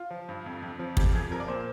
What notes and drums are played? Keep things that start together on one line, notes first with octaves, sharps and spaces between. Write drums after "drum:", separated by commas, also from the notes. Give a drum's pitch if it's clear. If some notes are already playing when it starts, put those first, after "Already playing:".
Already playing: F4
F3
G2
F2
F2
F3
F2 G4, drum: kick
F2 G#4
F3 A#4
D5
A#2 C5